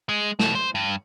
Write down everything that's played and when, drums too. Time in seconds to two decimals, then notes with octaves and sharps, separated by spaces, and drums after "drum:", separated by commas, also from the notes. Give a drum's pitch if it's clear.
0.09 G#3
0.39 B2, drum: snare
0.55 C5
0.75 G2